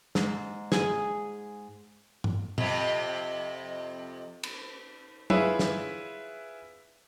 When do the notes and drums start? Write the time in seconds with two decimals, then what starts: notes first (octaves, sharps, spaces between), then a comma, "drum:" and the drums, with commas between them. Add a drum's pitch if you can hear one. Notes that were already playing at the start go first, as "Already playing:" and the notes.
0.15 G#2, drum: snare
0.72 G#4, drum: snare
2.24 drum: tom G#2
2.58 F2 C3, drum: tom
4.43 drum: cymbal
5.30 E4 F4 G#4 B4 C#5 E5, drum: tom
5.59 drum: snare